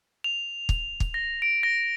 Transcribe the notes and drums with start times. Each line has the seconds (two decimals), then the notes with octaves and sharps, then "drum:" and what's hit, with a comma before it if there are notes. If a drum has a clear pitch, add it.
0.24 F7
0.69 drum: kick
1.00 drum: kick
1.14 A#6
1.42 D7
1.63 A#6